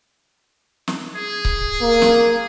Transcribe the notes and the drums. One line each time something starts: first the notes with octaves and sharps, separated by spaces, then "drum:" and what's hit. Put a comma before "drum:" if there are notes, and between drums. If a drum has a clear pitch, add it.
drum: snare
G#4
drum: kick C#1
A#3
drum: snare